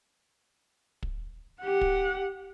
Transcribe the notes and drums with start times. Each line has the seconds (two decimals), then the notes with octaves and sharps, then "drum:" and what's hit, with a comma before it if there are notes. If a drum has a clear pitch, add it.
1.03 drum: kick
1.62 G4 F#5
1.81 drum: kick